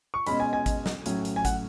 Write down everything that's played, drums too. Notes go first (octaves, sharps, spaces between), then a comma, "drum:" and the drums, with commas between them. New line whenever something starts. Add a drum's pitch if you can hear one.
C#6
B2 G#3 C#4 B5, drum: hi-hat
G#5
G#5
drum: kick G#1, hi-hat
drum: snare
A2 F#3 C#4, drum: hi-hat
drum: hi-hat
G#5
F#5, drum: kick G#1, hi-hat